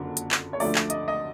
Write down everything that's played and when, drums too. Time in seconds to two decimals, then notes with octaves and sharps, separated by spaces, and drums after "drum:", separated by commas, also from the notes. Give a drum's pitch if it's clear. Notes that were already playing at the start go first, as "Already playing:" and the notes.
Already playing: F#1 F2 D3 F#3 A#3
0.17 drum: hi-hat
0.31 drum: clap
0.53 C#5
0.60 D2 D3 F3 A3 D5, drum: open hi-hat
0.75 drum: clap
0.90 D#5, drum: hi-hat
1.08 D#5